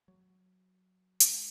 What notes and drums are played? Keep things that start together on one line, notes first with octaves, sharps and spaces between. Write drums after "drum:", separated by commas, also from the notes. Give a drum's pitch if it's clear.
F#3
G#3, drum: hi-hat